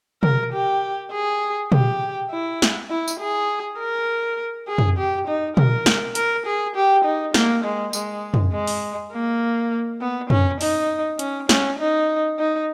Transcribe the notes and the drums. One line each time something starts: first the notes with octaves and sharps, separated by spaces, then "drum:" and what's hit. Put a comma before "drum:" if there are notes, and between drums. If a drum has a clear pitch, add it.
A#4, drum: tom
G4
G#4
G4, drum: tom
E4
drum: snare
E4
drum: tambourine
G#4
A#4
G#4
drum: tom
G4
D#4
A#4, drum: tom
drum: snare
A#4, drum: hi-hat
G#4
G4
D#4
A#3, drum: snare
G#3
G#3, drum: tambourine
drum: tom
G#3
drum: open hi-hat
A#3
B3
C#4, drum: tom
D#4, drum: open hi-hat
C#4, drum: hi-hat
C#4, drum: snare
D#4
D#4